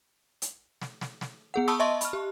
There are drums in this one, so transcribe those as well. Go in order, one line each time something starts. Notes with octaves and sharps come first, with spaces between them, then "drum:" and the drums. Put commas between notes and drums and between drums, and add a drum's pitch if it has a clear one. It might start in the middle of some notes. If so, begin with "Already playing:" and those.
drum: hi-hat
drum: snare
drum: snare
drum: snare
B3 G#4 F#5
A5 B5 C#6 D#6 E6
D#5 E5 A5 C6 C#6
B5 F6, drum: hi-hat
G4